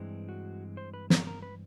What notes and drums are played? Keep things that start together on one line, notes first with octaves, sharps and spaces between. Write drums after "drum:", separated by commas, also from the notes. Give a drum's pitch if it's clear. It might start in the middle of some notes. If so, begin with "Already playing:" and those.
Already playing: G2 E3 G#3 C4
F#4
C5
B4
A#4, drum: snare
A#4
B4